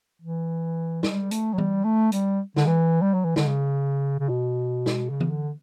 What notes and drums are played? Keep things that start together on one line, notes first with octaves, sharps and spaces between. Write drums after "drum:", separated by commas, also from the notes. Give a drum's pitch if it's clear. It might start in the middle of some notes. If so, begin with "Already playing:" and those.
E3
G3, drum: snare
A3, drum: hi-hat
F#3
G3, drum: tom E3
A3
G3, drum: hi-hat
D3, drum: snare
E3
G3
F#3
E3
D3, drum: snare
C#3
C#3
B2
drum: snare
C#3
drum: tom E3
D3